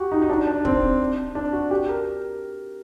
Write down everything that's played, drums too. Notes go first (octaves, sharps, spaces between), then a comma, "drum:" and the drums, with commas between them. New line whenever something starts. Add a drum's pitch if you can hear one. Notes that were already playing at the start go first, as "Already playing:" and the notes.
Already playing: F#4 G4
D#4
D#4
D4
D4
C4, drum: kick
D4
F#4
G4
A#4